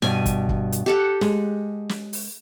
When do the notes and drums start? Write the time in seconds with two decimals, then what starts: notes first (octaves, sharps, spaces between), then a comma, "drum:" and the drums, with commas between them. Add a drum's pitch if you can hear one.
0.02 G2 B2 G#5, drum: snare
0.26 drum: kick, hi-hat
0.49 drum: kick
0.72 drum: hi-hat
0.86 G4 A4 F#5
1.21 G#3, drum: snare
1.89 drum: snare
2.13 drum: open hi-hat